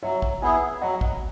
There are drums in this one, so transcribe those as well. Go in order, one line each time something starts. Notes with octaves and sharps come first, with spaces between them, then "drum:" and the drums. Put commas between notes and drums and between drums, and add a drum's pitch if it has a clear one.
F#3 C#5 E5
drum: kick
B3 E4 G#4 E5 G#5
F#3 D#5 F#5
drum: kick